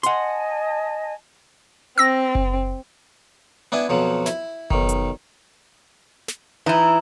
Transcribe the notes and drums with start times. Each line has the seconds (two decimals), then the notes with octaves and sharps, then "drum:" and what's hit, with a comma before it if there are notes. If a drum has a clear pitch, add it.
0.03 D#5 F#5 G#5 A5 C6, drum: hi-hat
1.98 C4 E6 A#6
2.35 drum: kick F#1
3.72 B3 D4 E4 E5 G#5
3.89 F2 B2 F3 F#3
4.26 E4, drum: snare
4.71 B1 D#3, drum: kick F#1
4.89 drum: hi-hat
6.28 drum: snare
6.66 E3 D#4 E4